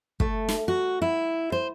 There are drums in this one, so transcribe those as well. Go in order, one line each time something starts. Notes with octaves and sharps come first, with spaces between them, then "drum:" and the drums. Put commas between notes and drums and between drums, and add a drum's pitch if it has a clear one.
A3, drum: kick
drum: snare
F#4
E4
C5